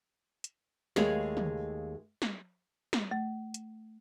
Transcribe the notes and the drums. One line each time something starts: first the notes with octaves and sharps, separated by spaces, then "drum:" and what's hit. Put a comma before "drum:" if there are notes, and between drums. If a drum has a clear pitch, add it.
drum: hi-hat
D#2 G#3 A3 G#4 C#5 F5, drum: snare
drum: tom
drum: snare
drum: snare
A3
drum: hi-hat